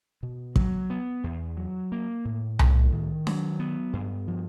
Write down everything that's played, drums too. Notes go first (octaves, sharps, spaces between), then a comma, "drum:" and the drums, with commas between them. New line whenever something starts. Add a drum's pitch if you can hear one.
B2
F#3, drum: kick
B3
E2
F#3
A#3
A2
A2, drum: tom C2
D#3
F#3, drum: snare
B3
G2
F3